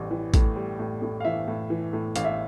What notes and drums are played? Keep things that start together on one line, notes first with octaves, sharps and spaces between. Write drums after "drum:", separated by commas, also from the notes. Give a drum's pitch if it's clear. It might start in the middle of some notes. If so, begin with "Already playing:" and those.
Already playing: A1 A2 G3
E3
A2, drum: kick A1, hi-hat
G3
A2
A2
F5
E3 E5
A2
E3
A2
A1 F5, drum: hi-hat
E5